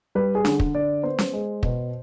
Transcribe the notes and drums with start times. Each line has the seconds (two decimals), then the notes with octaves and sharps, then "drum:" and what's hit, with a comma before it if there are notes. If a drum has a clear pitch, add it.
0.15 G3 B4
0.35 G#4
0.45 D3, drum: snare C#4
0.60 drum: kick
0.75 D3 D5
1.03 B3 C5
1.19 drum: snare C#4
1.33 G#3
1.63 B2, drum: kick